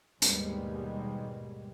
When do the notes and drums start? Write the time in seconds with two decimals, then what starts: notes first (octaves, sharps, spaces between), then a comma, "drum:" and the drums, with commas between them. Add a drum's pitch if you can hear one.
0.22 D#2 G#2 B2 G3 G#3, drum: hi-hat